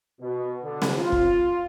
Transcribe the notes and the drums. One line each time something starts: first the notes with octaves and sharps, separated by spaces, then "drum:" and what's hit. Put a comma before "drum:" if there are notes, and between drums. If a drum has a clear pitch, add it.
B2
D3
drum: snare C4
F4
drum: kick